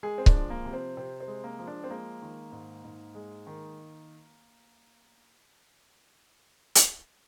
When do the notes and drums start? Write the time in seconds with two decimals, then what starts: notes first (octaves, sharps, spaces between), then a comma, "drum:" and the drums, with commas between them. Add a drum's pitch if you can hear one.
0.03 G#3 G#4
0.18 C4
0.26 D4, drum: kick C#1
0.34 F3
0.50 A#3
0.65 C3
0.73 C4
0.97 C3 C4
1.20 C4
1.27 G#3
1.44 A#3
1.59 F3
1.67 D4
1.84 C4
1.90 G#3 A#3
2.22 D#3
2.52 G#2
2.84 G#2
3.15 G#3
3.47 D#3
6.75 drum: hi-hat